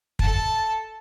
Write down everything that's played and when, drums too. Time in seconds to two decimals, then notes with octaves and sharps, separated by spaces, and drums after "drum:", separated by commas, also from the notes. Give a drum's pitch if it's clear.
0.19 A4 A5, drum: kick